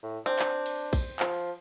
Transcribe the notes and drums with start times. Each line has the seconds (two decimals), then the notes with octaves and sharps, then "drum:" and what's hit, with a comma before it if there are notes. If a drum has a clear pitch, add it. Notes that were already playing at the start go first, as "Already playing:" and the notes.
0.03 A2
0.26 C4 D4
0.39 drum: clap
0.66 drum: cymbal
0.93 drum: kick, cymbal
1.20 F3, drum: clap